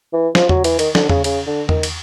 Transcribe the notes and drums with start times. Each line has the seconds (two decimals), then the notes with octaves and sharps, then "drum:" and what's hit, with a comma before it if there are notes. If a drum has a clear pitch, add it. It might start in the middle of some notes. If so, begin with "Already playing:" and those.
0.13 E3
0.35 F3, drum: snare
0.49 F#3, drum: tom E2
0.64 E3, drum: cymbal
0.79 D#3, drum: cymbal
0.95 D3, drum: snare
1.09 C#3, drum: tom E2
1.24 C#3, drum: cymbal
1.47 D3
1.69 D#3, drum: tom E2
1.83 drum: cymbal